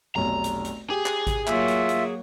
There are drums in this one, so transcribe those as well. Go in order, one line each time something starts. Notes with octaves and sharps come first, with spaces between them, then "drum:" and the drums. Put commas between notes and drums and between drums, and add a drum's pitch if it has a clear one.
F1 B1 A#5
drum: hi-hat
drum: hi-hat
G4 G#4
drum: clap
drum: kick G#1, hi-hat
F#3 A#3 F4 E5, drum: clap
drum: hi-hat
drum: hi-hat